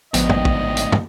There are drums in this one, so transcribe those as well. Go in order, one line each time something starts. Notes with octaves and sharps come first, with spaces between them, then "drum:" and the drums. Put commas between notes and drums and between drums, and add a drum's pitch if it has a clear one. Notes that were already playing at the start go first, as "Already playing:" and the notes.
A1 D2 G#2 F3 B3 D#5 G5, drum: hi-hat
drum: tom
drum: kick
drum: hi-hat
drum: tom